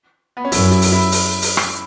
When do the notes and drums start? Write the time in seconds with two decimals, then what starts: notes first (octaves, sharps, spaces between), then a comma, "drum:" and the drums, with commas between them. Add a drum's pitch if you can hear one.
0.37 B3
0.45 C#4
0.52 F#2 E4, drum: open hi-hat
0.71 E4
0.82 drum: open hi-hat
0.92 E4
1.12 drum: open hi-hat
1.42 drum: open hi-hat
1.57 drum: rim click